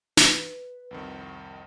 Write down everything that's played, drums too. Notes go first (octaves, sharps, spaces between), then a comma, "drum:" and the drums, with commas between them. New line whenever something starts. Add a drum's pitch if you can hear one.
B4, drum: snare
C2 F2 D#3